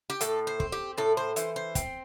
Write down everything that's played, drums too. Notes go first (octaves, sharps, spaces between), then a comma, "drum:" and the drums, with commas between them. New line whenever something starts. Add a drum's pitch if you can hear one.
G4
A2 A4, drum: hi-hat
C5
C4, drum: kick
G4
A2 A4
C5
E3 C5, drum: hi-hat
C5
C4, drum: kick, hi-hat